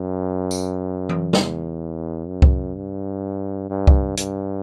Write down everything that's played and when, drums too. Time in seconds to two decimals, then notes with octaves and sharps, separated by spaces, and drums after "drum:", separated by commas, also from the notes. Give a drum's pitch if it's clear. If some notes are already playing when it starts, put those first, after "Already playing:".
Already playing: F#2
0.51 drum: tambourine
1.09 drum: tom E3
1.33 E2, drum: snare
2.28 F#2
2.42 drum: kick C2
2.75 G2
3.70 G2
3.87 drum: kick C2
4.17 G2, drum: hi-hat